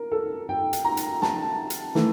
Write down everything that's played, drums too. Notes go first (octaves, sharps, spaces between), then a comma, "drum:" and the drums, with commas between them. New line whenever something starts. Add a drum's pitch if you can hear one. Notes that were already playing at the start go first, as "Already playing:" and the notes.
Already playing: A#4
A4
G5
drum: hi-hat
A#5
drum: hi-hat
A5, drum: snare
drum: hi-hat
E3 A3, drum: snare